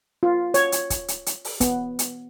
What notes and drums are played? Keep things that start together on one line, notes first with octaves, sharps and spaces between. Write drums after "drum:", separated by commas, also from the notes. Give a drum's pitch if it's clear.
F4
C#5, drum: hi-hat
drum: hi-hat
drum: kick, hi-hat
drum: hi-hat
drum: hi-hat
drum: open hi-hat
B3, drum: kick, hi-hat
drum: hi-hat